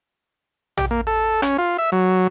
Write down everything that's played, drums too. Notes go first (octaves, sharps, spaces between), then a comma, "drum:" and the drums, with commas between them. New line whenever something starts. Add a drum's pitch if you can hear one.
G4, drum: tom A#1
A#3
A4
C#4, drum: rim click
F4
E5
F#3